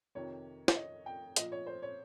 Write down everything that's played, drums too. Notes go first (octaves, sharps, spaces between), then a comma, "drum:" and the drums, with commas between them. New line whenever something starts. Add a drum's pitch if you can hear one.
F2 C3 D#3 C#5
C#5, drum: snare
D#5
G5
A#2 F3 D#5, drum: hi-hat
C#5
C5
C#5